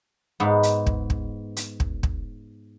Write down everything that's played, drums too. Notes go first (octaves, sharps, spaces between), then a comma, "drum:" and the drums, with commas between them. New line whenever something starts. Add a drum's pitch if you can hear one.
G#2 B3
drum: hi-hat
drum: kick
drum: kick
drum: hi-hat
drum: kick
drum: kick